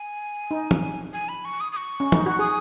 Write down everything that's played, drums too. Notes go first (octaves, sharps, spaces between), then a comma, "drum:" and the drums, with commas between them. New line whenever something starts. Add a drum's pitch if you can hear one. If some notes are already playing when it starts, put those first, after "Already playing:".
Already playing: G#5
D#4
drum: tom
G#5
B5
C#6
D#6
D#6
C#6
C#4
D#4, drum: tom
F#4 C#6
G#4 D#6